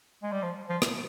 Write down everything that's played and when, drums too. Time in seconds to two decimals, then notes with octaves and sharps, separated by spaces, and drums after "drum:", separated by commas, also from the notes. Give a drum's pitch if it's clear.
0.23 G#3
0.32 G3
0.43 F3
0.69 F3
0.82 drum: rim click